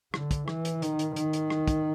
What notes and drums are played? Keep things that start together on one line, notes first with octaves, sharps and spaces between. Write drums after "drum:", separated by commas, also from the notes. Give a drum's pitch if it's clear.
D3, drum: rim click
drum: kick, hi-hat
E3, drum: rim click
drum: hi-hat
D#3, drum: hi-hat
drum: hi-hat
D#3, drum: hi-hat
drum: hi-hat
drum: rim click
drum: kick, hi-hat